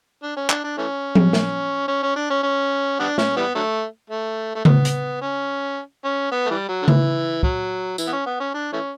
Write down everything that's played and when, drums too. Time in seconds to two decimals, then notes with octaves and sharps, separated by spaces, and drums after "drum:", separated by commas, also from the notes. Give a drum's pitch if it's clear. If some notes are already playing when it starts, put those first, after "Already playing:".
0.23 D4
0.37 C#4
0.50 D4, drum: clap
0.64 D4
0.78 E3 A3 C#4
1.15 drum: tom F3
1.33 drum: snare
1.88 C#4
2.03 C#4
2.16 D4
2.30 C#4
2.43 C#4
3.00 G3 B3 D4
3.18 C#4, drum: snare
3.36 E3 G3 B3
3.55 D3 F#3 A3
4.10 A3
4.55 A3
4.65 B3, drum: tom C#3
4.85 drum: hi-hat
5.21 C#4
6.04 C#4
6.32 B3
6.46 A3
6.50 E3 G3
6.68 F#3
6.82 D3
6.88 E3, drum: tom C#3
7.43 F#3, drum: kick
7.98 E3, drum: tambourine
8.07 B3
8.13 C#4
8.26 B3
8.40 C#4
8.54 D4
8.73 E3 A3 C#4